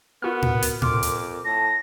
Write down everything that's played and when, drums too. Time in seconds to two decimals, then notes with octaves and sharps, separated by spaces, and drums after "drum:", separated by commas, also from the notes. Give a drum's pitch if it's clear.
0.22 B3 F4 F#4 A#4 F6
0.42 drum: tom A2
0.63 drum: hi-hat
0.82 F2 C6 D6 F6, drum: tom A2
1.03 drum: hi-hat
1.45 A2 A5 A#6